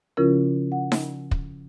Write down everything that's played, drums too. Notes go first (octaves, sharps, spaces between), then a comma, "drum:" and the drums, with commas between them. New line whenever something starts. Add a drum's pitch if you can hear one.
C#3 F3 C#4 E4 F4 A#4
F#5
drum: snare D#4
drum: kick